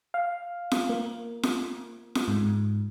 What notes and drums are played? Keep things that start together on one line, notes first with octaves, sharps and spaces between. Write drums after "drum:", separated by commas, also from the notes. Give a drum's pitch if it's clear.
F5
drum: snare F4
A#3
drum: snare F4
drum: snare F4
G#2